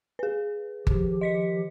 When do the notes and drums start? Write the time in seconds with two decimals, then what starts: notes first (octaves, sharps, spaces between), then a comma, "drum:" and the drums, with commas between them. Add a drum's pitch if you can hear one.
0.19 G#4 B4
0.87 D#3 F3 G4, drum: kick G1
1.21 D#5 B6 C#7